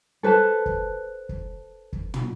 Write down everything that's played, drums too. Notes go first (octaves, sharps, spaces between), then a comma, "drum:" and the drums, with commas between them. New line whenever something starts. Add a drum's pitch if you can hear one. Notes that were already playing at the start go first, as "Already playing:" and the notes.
A4 B4 C5 A5
drum: kick
drum: kick
drum: kick
drum: tom